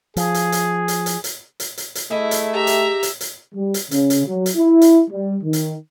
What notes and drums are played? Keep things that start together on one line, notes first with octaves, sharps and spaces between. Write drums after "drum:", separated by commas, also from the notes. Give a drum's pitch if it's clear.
F3 G#4, drum: hi-hat
drum: hi-hat
drum: hi-hat
drum: hi-hat
drum: hi-hat
drum: hi-hat
drum: hi-hat
drum: hi-hat
drum: hi-hat
A3 D#4 E4 G#4
drum: hi-hat
G4 E5 A#5
drum: hi-hat
drum: hi-hat
drum: hi-hat
G3
drum: hi-hat
C#3, drum: hi-hat
drum: hi-hat
F#3
drum: hi-hat
E4
drum: hi-hat
G3
D#3
drum: hi-hat